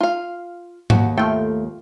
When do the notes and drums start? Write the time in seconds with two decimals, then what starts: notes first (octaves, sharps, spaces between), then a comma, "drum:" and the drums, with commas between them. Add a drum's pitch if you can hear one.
0.01 F4 F5
0.90 D#2 F#4, drum: tom G#2
1.18 A3 F4 G5